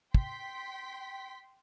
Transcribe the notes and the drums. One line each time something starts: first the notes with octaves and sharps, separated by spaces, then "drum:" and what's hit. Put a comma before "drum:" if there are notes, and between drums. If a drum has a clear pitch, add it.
G5 C6 B6, drum: kick